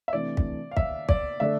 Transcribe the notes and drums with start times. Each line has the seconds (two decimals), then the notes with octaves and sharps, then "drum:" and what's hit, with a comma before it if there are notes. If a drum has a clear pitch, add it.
0.08 E5
0.13 C3 E3 A3 D4 D5
0.37 drum: kick
0.71 F5
0.77 E5, drum: kick
1.09 D5, drum: kick
1.40 D3 A3 D4 A4 D5 E5